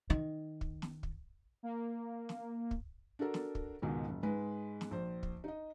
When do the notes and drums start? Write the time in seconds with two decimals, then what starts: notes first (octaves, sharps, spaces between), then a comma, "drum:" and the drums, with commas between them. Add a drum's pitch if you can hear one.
0.10 D#3
0.61 drum: kick
0.82 drum: snare
1.03 drum: kick
1.63 A#3
2.29 drum: snare
2.71 drum: kick
3.19 D4 F#4 A4 A#4
3.34 drum: snare
3.55 drum: kick
3.82 C#2 G#2 B2 D#3 G#3
4.09 F#1
4.23 G#2 G#3 B4
4.81 drum: snare
4.91 A#1 C5
5.23 drum: kick
5.44 D#4 D#5